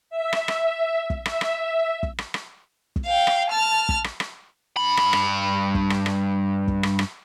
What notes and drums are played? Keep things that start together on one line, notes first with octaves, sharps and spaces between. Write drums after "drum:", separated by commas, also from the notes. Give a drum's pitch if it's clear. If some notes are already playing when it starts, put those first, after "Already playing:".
E5
drum: rim click
drum: rim click
drum: kick
E5, drum: rim click
drum: rim click
drum: kick
drum: rim click
drum: rim click
drum: kick
F5 G5
drum: rim click
A5 F6
drum: kick
drum: rim click
drum: rim click
G2 B5
drum: rim click
drum: rim click
drum: kick
drum: rim click
drum: rim click
drum: kick
drum: rim click
drum: rim click